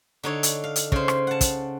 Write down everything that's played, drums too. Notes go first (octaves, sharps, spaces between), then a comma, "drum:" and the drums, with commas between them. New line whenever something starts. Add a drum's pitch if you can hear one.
D3 D#4 C#5
drum: hi-hat
F5
drum: hi-hat
C#3 C5, drum: kick
drum: rim click
F#5 A5
drum: kick, hi-hat